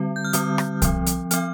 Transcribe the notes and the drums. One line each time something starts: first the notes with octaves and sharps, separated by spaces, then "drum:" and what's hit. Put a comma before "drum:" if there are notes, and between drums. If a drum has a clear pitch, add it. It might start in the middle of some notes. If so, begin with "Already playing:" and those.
Already playing: D3 G3 C4
G6
F6
D3 G3 C4 D#6, drum: hi-hat
drum: rim click
F3 C4, drum: kick, hi-hat
drum: hi-hat
F3 C4 F6, drum: hi-hat